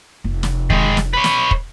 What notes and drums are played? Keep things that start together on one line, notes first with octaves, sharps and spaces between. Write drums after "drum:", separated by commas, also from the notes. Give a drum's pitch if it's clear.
F1
drum: snare
D#3 G#3, drum: kick
drum: snare
B4 C#5
drum: snare
drum: kick